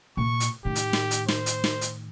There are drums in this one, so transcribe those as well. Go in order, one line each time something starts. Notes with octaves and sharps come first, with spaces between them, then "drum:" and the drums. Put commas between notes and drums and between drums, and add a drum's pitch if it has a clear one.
A#2 C#6
drum: hi-hat
A2 D#3 G4
drum: hi-hat
drum: snare
drum: hi-hat
C5, drum: snare
drum: hi-hat
drum: snare
drum: hi-hat